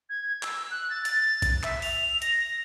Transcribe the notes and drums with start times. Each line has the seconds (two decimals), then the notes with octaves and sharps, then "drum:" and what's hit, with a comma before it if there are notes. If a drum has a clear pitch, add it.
0.09 G#6
0.43 E6, drum: clap
0.71 F#6
0.90 A6
1.05 A6, drum: hi-hat
1.42 drum: kick A#1, hi-hat
1.63 E5, drum: clap
1.82 F7, drum: open hi-hat
2.22 A#6, drum: hi-hat